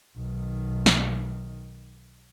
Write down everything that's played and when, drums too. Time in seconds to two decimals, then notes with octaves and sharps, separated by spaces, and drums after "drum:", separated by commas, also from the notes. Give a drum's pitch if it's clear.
0.17 B1 D#3
0.86 drum: snare